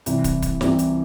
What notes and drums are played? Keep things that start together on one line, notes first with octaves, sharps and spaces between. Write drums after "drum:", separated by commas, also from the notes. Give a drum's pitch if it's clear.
C2 C3 E3, drum: hi-hat
drum: kick, hi-hat
drum: kick, hi-hat
C2 C3 E3, drum: snare
drum: hi-hat